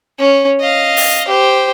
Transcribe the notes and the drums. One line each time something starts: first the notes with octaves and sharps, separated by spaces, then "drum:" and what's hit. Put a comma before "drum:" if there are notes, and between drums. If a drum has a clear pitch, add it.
C#4
D#5 F5
drum: open hi-hat
G4 C5